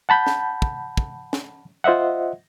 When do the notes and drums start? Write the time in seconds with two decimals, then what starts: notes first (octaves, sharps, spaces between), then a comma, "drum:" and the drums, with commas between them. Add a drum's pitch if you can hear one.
0.09 F#5 A5 B5 G6
0.27 drum: snare
0.62 drum: kick
0.97 drum: kick
1.33 drum: snare
1.84 F4 C5 D#5 E5 F#5